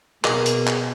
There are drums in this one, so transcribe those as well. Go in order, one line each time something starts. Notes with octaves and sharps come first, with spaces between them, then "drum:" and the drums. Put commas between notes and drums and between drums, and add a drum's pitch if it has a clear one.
B2 A#3 G#4 D#5, drum: clap
drum: hi-hat
drum: clap